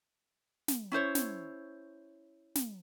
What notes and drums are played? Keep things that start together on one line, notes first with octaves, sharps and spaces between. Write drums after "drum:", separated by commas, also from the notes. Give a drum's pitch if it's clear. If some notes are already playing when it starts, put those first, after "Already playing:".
drum: snare
C#4 E4 C5 C#5
drum: snare
drum: snare